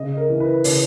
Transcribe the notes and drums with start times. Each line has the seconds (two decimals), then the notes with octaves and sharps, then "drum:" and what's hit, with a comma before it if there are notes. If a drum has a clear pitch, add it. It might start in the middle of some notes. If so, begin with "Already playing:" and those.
Already playing: C#3 D#5
0.17 A#4
0.29 E3
0.40 B4
0.64 C#3 C#5, drum: open hi-hat